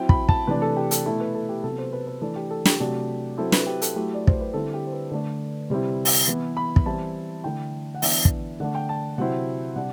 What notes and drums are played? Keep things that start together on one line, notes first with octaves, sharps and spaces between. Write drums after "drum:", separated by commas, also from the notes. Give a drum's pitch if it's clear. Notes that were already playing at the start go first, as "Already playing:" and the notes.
Already playing: F#3 C4 E4 G5
B5, drum: kick
A5, drum: kick
C3 E3 A3 D4 B4
A4
G4
A4, drum: hi-hat
B2 A3 E4 A4
B4
A4
G4
C3 F#3 B3 A4
C5
B4
B4
E3 A3 D4 A4
G4
A4
G4, drum: snare
C3 F#3 A3 D4
F#3 C4 E4 A4
B4, drum: snare
G4
A4, drum: hi-hat
F#3 A3 E4 G4
D5
C5, drum: kick
B4
D3 G3 C4 E4 A4
G4
C5
B4
D3 A3 D4
C3 G3 C4 E4
drum: open hi-hat
E3 B3 E4
B5
drum: kick
E3 G3 C4 E4 A5
D3 A3 E4 G5
F#5
E3 B3 D4 E5, drum: open hi-hat
drum: kick
D3 A3 D4 F#5
G5
A5
C3 F#3 C4 E4 F#5
C3 G3 D4 F#5